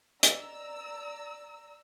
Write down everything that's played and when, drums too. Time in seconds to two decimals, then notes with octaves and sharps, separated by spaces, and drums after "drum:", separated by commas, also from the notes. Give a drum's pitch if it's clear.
0.23 D5 D#5 A#5 E6, drum: hi-hat